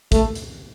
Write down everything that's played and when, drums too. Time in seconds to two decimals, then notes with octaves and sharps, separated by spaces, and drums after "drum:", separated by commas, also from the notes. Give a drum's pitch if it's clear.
0.12 A3, drum: kick, hi-hat
0.35 drum: hi-hat